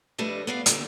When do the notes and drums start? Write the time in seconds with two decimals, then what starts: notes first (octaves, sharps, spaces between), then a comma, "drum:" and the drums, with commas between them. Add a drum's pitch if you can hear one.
0.18 F3 G3 A3 D4 B4 D#5
0.47 B3 D5 F5
0.66 A#2 D3 G3, drum: hi-hat